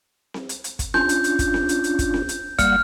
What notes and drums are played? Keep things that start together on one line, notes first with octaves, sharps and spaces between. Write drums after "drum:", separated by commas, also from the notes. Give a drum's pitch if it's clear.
drum: snare C4
drum: hi-hat
drum: hi-hat
drum: kick, hi-hat
C#4 D4 F4 G6, drum: snare C4
drum: hi-hat
drum: hi-hat
drum: kick, hi-hat
drum: snare C4
drum: hi-hat
drum: hi-hat
drum: kick, hi-hat
drum: snare C4
drum: hi-hat
G3 A#3 F#5 F6, drum: kick, hi-hat